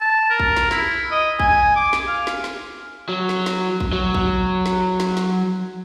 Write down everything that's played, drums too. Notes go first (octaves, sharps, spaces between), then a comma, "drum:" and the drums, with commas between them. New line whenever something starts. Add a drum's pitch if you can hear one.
A5
A#4
drum: kick
drum: snare
E4, drum: snare
D#5
G#5, drum: kick
D6
drum: snare
F5
drum: snare
drum: snare
F#3
drum: snare
drum: snare
drum: kick
F#3
drum: kick
drum: snare
drum: snare
drum: snare